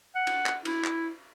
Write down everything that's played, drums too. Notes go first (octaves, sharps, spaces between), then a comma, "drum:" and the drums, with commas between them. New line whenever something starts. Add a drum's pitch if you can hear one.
F#5
drum: cymbal
drum: clap
E4, drum: cymbal
drum: clap